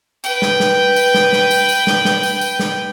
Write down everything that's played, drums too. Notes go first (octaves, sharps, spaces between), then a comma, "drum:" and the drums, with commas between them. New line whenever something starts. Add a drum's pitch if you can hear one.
B4 G5, drum: tambourine
drum: snare
drum: snare
drum: tambourine
drum: snare
drum: snare
drum: tambourine
drum: tambourine
drum: snare
drum: snare
drum: tambourine
drum: tambourine
drum: snare